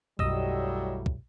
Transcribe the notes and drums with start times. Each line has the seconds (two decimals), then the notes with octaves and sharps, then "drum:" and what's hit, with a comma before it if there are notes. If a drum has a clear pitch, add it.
0.19 B1 F#2 A2 F#3 G3 D#5 E6, drum: kick
1.06 drum: kick